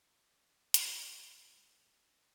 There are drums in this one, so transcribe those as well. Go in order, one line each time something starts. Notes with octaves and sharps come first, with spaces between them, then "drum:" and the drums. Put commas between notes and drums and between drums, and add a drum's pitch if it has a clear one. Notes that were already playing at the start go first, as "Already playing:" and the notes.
D#5
D5
drum: hi-hat
C5
A#4
C5
A#4